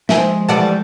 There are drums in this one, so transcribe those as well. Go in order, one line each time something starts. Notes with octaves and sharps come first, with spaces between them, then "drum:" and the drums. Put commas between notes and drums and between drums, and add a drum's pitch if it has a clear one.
F3 G#3 C5 E5 G#5, drum: snare
E3 G3 A3 D5 F#5 A5